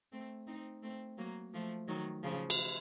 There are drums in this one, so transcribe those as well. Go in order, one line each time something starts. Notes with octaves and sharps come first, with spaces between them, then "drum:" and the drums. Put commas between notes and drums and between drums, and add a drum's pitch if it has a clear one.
A3 C4
C4 D#4
A3 C4
F#3 A#3
F3 A3
D#3 F#3
C#3 F3
drum: cymbal